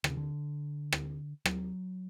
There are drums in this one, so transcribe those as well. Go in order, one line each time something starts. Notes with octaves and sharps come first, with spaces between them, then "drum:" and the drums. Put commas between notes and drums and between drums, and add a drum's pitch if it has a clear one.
D3, drum: rim click
C#3
D3
drum: rim click
F#3, drum: rim click